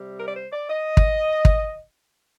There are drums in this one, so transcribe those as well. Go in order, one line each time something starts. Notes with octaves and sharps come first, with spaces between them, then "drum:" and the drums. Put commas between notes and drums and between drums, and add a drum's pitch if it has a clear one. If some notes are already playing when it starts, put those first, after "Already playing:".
Already playing: C3 G3
A#4
D5
C5
D5
D#5
drum: kick
drum: kick